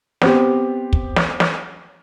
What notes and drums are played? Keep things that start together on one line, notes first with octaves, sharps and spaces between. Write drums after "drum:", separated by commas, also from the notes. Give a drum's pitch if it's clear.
B3 C4 G4, drum: snare
drum: kick
drum: snare
drum: snare